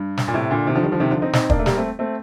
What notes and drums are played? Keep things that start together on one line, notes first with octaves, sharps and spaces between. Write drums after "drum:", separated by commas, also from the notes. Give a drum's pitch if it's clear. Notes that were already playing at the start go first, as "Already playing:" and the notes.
Already playing: G2
drum: snare
A#2
A2 C3
A#2 D3
C3 D#3
D3 F3
D#3 G3
D3 F3
C3 D#3
D3 F3
C4 D#4
C4 D#4, drum: snare
A#3 D4, drum: kick
A3
G3 A#3, drum: snare
A3 C4
A3 C4